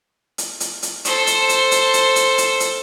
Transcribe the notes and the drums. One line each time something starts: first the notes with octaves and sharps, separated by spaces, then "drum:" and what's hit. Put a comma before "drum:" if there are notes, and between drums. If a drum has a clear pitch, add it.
drum: hi-hat
drum: hi-hat
drum: hi-hat
A4 C5, drum: hi-hat
drum: hi-hat
drum: hi-hat
drum: hi-hat
drum: hi-hat
drum: hi-hat
drum: hi-hat
drum: hi-hat